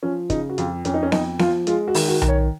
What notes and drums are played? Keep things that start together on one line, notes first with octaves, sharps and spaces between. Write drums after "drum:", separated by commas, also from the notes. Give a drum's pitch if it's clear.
F3 C#4
C#3 D#4, drum: kick, hi-hat
F#4
F2 F4, drum: hi-hat
F2 C#4, drum: hi-hat
D#4
C#4
F2 D#4, drum: snare B3
F3 F4, drum: snare B3
G#3 F4, drum: hi-hat
F#4
D#3, drum: open hi-hat
F#4
D#3, drum: tom B1
C#5